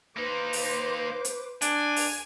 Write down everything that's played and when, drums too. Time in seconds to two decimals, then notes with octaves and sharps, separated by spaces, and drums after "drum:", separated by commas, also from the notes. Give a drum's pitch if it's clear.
0.17 A#3 D#4 B4 C5 D6
0.53 drum: open hi-hat
1.25 drum: hi-hat
1.62 D4 G#5, drum: hi-hat
1.96 drum: open hi-hat